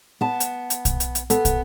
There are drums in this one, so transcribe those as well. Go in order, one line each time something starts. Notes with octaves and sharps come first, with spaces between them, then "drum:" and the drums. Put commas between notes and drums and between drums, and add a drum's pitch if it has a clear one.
B3 A5
drum: hi-hat
drum: hi-hat
drum: kick, hi-hat
drum: hi-hat
drum: hi-hat
B3 A4, drum: hi-hat
drum: kick, hi-hat